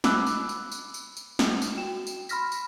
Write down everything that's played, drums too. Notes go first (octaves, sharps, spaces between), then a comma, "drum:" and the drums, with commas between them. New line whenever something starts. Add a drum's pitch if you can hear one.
B5 D6 E6 F#6, drum: snare
drum: tambourine
drum: tambourine
drum: tambourine
drum: tambourine
drum: tambourine
drum: snare
drum: tambourine
F#4 G5 E7
drum: tambourine
B5 C6 F6 A#6 B6, drum: tambourine
drum: tambourine